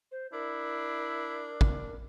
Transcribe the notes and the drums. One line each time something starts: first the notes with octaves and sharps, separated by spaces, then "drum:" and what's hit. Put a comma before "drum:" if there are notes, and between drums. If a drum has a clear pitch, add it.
C5
D4 E4 A#4
drum: kick A1